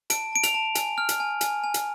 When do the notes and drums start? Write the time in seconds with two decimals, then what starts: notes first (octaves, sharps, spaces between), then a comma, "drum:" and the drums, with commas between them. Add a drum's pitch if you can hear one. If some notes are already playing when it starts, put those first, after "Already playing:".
0.10 A5 D7, drum: hi-hat
0.33 A5 D7
0.43 F7, drum: hi-hat
0.54 A5
0.75 G#5, drum: hi-hat
0.98 F6
1.09 drum: hi-hat
1.20 G#5
1.41 G#5, drum: hi-hat
1.64 G#5
1.74 drum: hi-hat